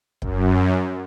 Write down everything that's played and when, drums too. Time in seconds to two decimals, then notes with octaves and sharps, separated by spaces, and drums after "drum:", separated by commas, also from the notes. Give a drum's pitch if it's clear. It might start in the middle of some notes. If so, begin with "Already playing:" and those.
0.22 F#2, drum: kick